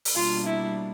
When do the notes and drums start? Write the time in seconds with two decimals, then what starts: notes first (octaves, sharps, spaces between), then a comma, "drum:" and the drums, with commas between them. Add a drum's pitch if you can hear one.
0.05 drum: open hi-hat
0.15 B2 G3 A#3 D4 F4
0.45 E4